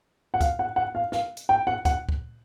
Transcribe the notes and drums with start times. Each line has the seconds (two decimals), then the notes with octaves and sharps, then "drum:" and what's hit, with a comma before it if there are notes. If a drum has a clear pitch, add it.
0.34 F#5
0.41 F5, drum: kick, hi-hat
0.59 F#5
0.76 F#5
0.95 F5
1.12 F5, drum: snare
1.37 drum: hi-hat
1.49 G5
1.67 F#5
1.85 F#5, drum: kick, hi-hat
2.09 drum: kick